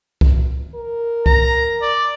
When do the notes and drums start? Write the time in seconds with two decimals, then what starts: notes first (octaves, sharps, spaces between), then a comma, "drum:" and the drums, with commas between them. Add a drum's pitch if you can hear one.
0.21 drum: kick C2
0.75 A#4
1.26 A#5, drum: kick C2
1.82 D5